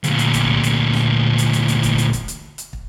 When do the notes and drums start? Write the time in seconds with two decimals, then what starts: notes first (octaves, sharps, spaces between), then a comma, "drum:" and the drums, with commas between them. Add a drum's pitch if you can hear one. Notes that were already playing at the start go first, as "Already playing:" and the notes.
0.04 D2 A#2, drum: hi-hat
0.19 drum: hi-hat
0.34 drum: kick, hi-hat
0.49 drum: tom C2
0.64 drum: hi-hat
0.93 drum: snare
1.38 drum: hi-hat
1.53 drum: hi-hat
1.68 drum: hi-hat
1.83 drum: kick, hi-hat
1.98 drum: hi-hat
2.13 drum: kick, hi-hat
2.28 drum: hi-hat
2.58 drum: hi-hat
2.73 drum: kick